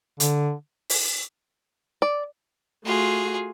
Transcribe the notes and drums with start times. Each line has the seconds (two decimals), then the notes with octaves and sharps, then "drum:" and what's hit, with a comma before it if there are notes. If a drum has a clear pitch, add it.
0.20 D3, drum: hi-hat
0.90 drum: open hi-hat
2.02 D5
2.85 A3 F4 F#4 G#4